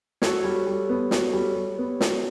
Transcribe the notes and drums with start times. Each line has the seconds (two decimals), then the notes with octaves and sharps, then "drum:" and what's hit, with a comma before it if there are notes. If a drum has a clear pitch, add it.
0.22 F#4 A4 C#5, drum: snare
0.44 G3
0.67 G3
0.89 B3
1.11 F#4, drum: snare
1.33 G3
1.55 G3
1.78 B3
2.01 F#4, drum: snare